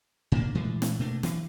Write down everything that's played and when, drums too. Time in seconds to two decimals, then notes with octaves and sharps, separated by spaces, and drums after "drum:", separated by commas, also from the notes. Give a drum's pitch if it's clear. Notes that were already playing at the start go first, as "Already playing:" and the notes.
0.32 A2 A#3 D4
0.55 A#2 E3 G#3 A3
0.82 drum: snare
0.99 B2 A3 A#3 D4
1.23 E3, drum: snare